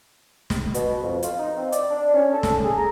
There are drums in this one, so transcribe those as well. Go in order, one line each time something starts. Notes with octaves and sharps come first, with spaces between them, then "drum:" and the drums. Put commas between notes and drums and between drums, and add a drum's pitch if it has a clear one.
drum: snare
B2, drum: hi-hat
F2
F4, drum: hi-hat
D#4
C4
D5, drum: hi-hat
D4
C#4
A4
drum: snare
G#4
A#5